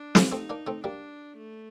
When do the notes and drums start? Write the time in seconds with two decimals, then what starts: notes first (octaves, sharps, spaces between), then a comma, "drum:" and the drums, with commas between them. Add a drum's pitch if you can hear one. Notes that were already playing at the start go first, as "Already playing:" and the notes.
Already playing: D4
0.15 D3, drum: snare
0.32 A3 C4 D#4
0.50 A#3 D4
0.67 A3 C4
0.84 G3 A#3 D4
1.37 A3